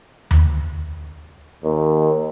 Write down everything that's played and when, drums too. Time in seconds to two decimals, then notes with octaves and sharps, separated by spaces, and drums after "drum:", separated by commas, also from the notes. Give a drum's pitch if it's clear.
0.31 drum: tom D#2
1.64 D#2